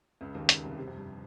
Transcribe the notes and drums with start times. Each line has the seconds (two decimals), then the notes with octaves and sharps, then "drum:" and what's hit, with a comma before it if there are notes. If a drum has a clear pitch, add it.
0.21 C#2 C#3
0.35 D#2 D#3
0.49 C#2 C#3, drum: hi-hat
0.63 C2 C3
0.78 C2 C3
0.88 F2
0.97 G2